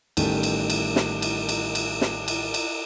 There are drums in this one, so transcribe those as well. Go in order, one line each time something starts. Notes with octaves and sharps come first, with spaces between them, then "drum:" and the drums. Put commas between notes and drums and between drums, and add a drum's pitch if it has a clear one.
A1 D#3 G3 G4 A4, drum: cymbal
drum: cymbal
drum: cymbal
drum: snare
drum: cymbal
drum: cymbal
drum: cymbal
drum: snare
drum: cymbal
drum: cymbal